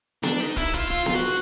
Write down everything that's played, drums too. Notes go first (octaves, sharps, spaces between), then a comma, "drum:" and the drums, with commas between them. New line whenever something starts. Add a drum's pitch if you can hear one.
D4, drum: snare B3
D#4
E4, drum: kick
F4, drum: kick
F4
F4, drum: snare B3
F#4